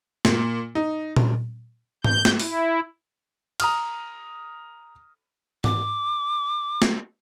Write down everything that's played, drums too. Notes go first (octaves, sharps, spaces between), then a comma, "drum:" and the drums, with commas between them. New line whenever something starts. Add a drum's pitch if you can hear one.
A#2, drum: snare
D#4
drum: tom A#2
G6, drum: tom G#2
drum: snare
E4, drum: open hi-hat
A#5 D#6 F6, drum: cymbal
D6, drum: tom G#2
drum: snare